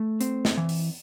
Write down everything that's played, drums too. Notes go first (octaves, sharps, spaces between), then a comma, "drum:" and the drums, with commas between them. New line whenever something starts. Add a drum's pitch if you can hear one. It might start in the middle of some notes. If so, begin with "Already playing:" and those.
Already playing: A3
C4, drum: hi-hat
drum: snare
E3
drum: open hi-hat